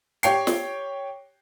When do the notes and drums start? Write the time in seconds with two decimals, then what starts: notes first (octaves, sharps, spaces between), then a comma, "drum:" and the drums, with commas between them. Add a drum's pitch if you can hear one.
0.23 G4 C#5 G5 C7, drum: hi-hat
0.47 drum: snare